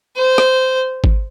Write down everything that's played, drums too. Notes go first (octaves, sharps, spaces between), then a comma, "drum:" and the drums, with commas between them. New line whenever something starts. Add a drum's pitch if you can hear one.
C5
drum: rim click
drum: kick G#1